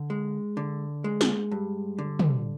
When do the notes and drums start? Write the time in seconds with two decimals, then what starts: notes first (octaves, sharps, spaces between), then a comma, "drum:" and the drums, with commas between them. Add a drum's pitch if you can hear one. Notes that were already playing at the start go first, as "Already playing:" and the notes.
Already playing: D3
0.10 G#3
0.57 D3
1.04 G#3
1.21 drum: snare
1.51 G2
1.99 D3
2.19 drum: tom